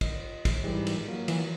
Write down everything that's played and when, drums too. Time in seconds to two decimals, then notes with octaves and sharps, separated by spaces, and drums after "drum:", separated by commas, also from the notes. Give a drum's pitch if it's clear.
0.01 D#5, drum: kick, cymbal
0.45 drum: kick, cymbal
0.64 G#2 E3 G3
0.87 drum: cymbal
1.08 F#3 A#3
1.28 E3, drum: cymbal